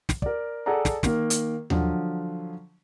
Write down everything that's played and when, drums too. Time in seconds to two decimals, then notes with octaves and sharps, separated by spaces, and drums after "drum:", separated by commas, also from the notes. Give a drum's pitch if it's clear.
0.09 drum: snare
0.22 A#4 D5, drum: kick
0.66 G#4 A4 D5 F#5 A#5
0.85 drum: snare
1.03 D#3 A#3, drum: snare
1.30 drum: hi-hat
1.70 D3 F3 F#3, drum: tom D#2